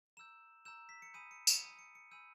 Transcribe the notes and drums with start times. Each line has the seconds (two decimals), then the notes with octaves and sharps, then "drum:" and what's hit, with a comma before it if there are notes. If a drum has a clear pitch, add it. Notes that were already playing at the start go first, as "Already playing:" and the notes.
0.17 A#5 E6 G6 E7
0.65 A#5 E6 G6 E7
0.89 B6
1.02 C#7
1.14 G#5 B5 D#6 G6 D#7
1.31 C#7
1.47 C#7, drum: tambourine
1.63 G#5 B5 D#6 G6 D#7
1.79 C#7
1.95 C#7
2.11 G#5 B5 E6 G6 D#7